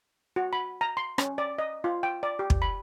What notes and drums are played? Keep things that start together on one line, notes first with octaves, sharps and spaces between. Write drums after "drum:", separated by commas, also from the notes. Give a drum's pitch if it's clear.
F#4
B5
A#5
C6
C#4, drum: rim click
D5
D#5
F4
G5
D5
G4
drum: kick
B5